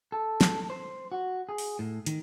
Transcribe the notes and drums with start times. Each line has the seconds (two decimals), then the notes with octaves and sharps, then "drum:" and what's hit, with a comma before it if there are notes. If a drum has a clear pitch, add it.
0.12 A4
0.41 drum: snare
0.70 C5
1.12 F#4
1.49 G#4
1.58 drum: open hi-hat
1.79 A2
2.06 D#3, drum: hi-hat